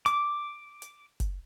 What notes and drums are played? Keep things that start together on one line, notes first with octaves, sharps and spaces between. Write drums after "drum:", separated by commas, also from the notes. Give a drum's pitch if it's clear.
D6, drum: hi-hat
drum: hi-hat
drum: kick F#1, hi-hat